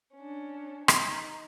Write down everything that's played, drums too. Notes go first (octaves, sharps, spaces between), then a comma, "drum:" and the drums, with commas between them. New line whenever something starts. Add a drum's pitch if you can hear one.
C#4 D4
D#4, drum: rim click